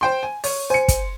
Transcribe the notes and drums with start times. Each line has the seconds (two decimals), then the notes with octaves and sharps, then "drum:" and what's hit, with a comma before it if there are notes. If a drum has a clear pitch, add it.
0.01 C5 G5 C6
0.23 G#5
0.44 C#5, drum: open hi-hat
0.70 C5 G#5 C#7
0.88 drum: kick, hi-hat